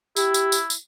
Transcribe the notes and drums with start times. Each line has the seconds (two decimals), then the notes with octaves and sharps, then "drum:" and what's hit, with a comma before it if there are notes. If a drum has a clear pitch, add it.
0.16 E4 G4, drum: tambourine
0.34 drum: tambourine
0.52 drum: tambourine
0.70 drum: tambourine